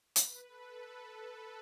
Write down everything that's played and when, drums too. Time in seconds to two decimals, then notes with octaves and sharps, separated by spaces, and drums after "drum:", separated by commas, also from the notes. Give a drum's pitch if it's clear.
0.16 B4, drum: hi-hat
0.47 A4
0.79 A4
1.10 B4